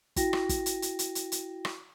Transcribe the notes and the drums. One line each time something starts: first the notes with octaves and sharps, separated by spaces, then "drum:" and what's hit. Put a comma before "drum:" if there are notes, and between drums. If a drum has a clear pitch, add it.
E4 F#4 G5 A#6, drum: kick, hi-hat
drum: rim click
drum: kick, hi-hat
drum: hi-hat
drum: hi-hat
drum: hi-hat
drum: hi-hat
drum: hi-hat
drum: rim click